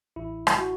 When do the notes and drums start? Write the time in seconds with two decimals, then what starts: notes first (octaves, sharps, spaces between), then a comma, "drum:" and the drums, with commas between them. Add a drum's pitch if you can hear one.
0.16 A1 E4
0.47 drum: rim click
0.58 F#4